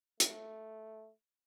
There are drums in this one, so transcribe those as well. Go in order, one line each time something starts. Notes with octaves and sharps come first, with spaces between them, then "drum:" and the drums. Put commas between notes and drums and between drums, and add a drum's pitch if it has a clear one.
A3, drum: hi-hat